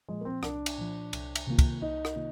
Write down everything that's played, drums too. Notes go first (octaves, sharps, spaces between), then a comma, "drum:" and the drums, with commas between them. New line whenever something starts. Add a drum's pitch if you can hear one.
A#2 F3 G#3
A#3
C4
C2 D4, drum: rim click
drum: cymbal
A#2 F3
C2, drum: cymbal
drum: cymbal
C3 D#3 A#3 F4
drum: kick, cymbal
C2 D#4
drum: rim click
C3 D#3 A#3 F4